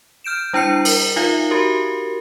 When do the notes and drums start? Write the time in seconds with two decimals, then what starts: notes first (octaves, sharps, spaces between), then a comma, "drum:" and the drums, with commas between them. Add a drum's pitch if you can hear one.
0.24 F6 G6 D7 E7
0.53 G3 D4 E4 A#5 C7 C#7
0.85 A#4, drum: open hi-hat
1.16 D#4 F4 A#4 E5 F5
1.51 F#4 G4 A#4